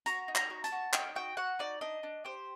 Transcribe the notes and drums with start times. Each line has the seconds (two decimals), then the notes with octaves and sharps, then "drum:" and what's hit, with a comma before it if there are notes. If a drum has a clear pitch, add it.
0.06 F#4 A#5, drum: hi-hat
0.28 D#4
0.35 A#5, drum: clap
0.50 F#4
0.64 A5, drum: hi-hat
0.72 F#4
0.93 D#4 G5, drum: clap
1.16 F#4 G5
1.37 F#4 F#5
1.59 D#4 D5
1.81 D4 D#5
2.03 D4
2.25 G4 C5